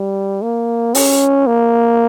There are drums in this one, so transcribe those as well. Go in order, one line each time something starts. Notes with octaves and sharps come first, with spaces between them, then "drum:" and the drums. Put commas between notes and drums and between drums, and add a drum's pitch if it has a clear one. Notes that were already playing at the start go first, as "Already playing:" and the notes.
Already playing: G3
A#3
C#4, drum: open hi-hat
A#3